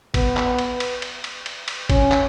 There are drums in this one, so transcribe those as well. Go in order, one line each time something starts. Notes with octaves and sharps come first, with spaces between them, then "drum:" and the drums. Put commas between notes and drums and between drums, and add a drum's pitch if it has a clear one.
B3, drum: kick G#1, cymbal
drum: clap
drum: cymbal
drum: cymbal
drum: cymbal
drum: cymbal
drum: cymbal
drum: cymbal
C#4, drum: kick G#1, cymbal
drum: clap